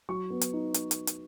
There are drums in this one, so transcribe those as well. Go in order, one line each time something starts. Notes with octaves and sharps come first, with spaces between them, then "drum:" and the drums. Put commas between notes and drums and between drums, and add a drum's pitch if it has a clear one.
F#3 C#6
B3
drum: hi-hat
D#4
drum: hi-hat
drum: hi-hat
drum: hi-hat